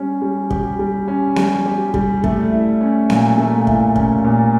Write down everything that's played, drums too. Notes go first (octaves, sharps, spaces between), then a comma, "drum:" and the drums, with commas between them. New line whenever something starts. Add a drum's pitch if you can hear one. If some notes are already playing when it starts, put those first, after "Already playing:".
Already playing: G3 C#4
G3
G4, drum: kick
G3
C#4
G3, drum: snare B3
G4
G3, drum: kick
A3, drum: kick
E4
C#4
A#2, drum: snare B3
A3
E4, drum: kick
C#4, drum: kick
A#2